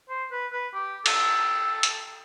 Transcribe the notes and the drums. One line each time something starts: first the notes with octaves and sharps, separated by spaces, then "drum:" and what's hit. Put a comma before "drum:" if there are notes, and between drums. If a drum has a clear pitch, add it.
C5
B4
B4
G4
A4, drum: cymbal
drum: hi-hat